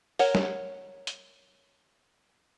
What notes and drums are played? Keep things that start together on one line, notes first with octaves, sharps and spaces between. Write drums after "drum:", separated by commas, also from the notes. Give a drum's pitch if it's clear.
A#4 C#5 F#5, drum: open hi-hat
drum: snare
drum: hi-hat